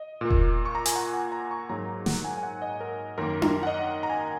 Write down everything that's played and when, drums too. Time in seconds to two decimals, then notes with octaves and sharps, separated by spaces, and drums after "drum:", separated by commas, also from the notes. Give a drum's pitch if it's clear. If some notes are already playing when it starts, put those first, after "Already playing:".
Already playing: D#5
0.21 A#2 A#3
0.30 drum: kick E1
0.65 C#6
0.75 A#5
0.86 G#5, drum: hi-hat
0.95 F#5
1.13 G#5
1.32 A#5
1.51 C#6
1.69 G#2 F#3 A#3 A#5
2.06 F#5, drum: snare
2.24 G#5
2.37 G#5
2.43 F#5
2.62 D#5
2.80 A#4
3.18 F#2 D#3 A#3 A#4
3.42 A#4, drum: tom D4
3.63 F#5
3.67 D#5
4.03 A#5
4.10 G#5